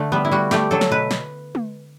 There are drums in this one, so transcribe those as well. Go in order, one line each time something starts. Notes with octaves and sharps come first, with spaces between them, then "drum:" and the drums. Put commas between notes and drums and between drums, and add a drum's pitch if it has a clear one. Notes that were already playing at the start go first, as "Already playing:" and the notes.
Already playing: D3 A3
G3 B3
E4
G3 F#4
A3 G4, drum: snare
F#3 A4
drum: snare
B2 B4
drum: snare
drum: tom G#3